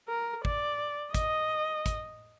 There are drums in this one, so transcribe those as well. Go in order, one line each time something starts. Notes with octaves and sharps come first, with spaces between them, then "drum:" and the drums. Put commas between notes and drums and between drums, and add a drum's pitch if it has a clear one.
A#4
D5, drum: kick
D#5, drum: kick, hi-hat
drum: kick, hi-hat